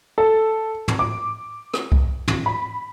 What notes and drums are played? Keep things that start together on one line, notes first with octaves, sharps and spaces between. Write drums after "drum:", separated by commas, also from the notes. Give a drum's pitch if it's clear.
A4
drum: tom
D6
drum: rim click
drum: kick C2
drum: tom
B5